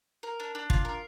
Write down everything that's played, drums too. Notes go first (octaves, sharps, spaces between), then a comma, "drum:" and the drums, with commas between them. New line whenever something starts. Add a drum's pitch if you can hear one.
A#4
D4
D4
F4, drum: kick
A#4